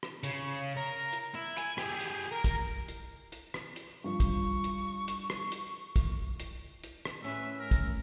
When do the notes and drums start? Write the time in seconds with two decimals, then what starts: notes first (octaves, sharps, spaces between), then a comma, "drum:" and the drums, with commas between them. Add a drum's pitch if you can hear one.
0.03 drum: rim click
0.23 C#3, drum: hi-hat
0.77 A#4
1.13 drum: hi-hat
1.35 E4
1.58 G#5, drum: hi-hat
1.78 G4 G#4, drum: rim click
2.01 drum: hi-hat
2.31 A#4
2.44 drum: kick, hi-hat
2.88 drum: hi-hat
3.32 drum: hi-hat
3.54 drum: rim click
3.76 drum: hi-hat
4.04 G2 F3 C#6
4.20 drum: kick, hi-hat
4.64 drum: hi-hat
5.08 drum: hi-hat
5.30 drum: rim click
5.52 drum: hi-hat
5.96 drum: kick, hi-hat
6.40 drum: hi-hat
6.84 drum: hi-hat
7.05 drum: rim click
7.24 A2 C#4 B4 E5
7.59 A#4
7.71 drum: kick, hi-hat